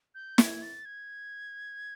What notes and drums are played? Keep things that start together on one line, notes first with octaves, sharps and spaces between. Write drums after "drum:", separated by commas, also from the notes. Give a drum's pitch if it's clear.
G6
G#6, drum: snare
A6
G#6